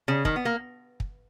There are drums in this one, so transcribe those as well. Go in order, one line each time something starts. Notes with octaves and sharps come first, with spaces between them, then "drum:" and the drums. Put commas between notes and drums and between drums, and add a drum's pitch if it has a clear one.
C#3
D#3, drum: kick
B3
A#3
drum: kick